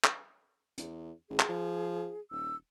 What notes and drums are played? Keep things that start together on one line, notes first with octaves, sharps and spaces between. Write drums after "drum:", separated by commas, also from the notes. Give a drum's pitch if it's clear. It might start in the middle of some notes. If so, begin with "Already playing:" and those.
drum: clap
E2, drum: hi-hat
A1 G#4
drum: clap
F3
D#1 E6